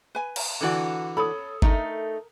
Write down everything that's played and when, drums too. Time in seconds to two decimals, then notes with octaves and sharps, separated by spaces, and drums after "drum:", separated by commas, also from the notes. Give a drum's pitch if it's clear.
0.15 B4 G#5
0.36 drum: cymbal
0.61 D3 E3 F#4 A4 D5
1.17 A4 C#5 B5 D#6
1.62 A3 D#4 A#4 A#5, drum: kick